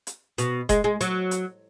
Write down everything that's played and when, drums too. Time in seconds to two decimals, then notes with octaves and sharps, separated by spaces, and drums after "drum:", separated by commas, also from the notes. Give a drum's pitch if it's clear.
0.07 drum: hi-hat
0.38 B2, drum: hi-hat
0.69 G#3, drum: kick F1, hi-hat
0.84 G#3
1.01 F#3, drum: hi-hat
1.31 drum: hi-hat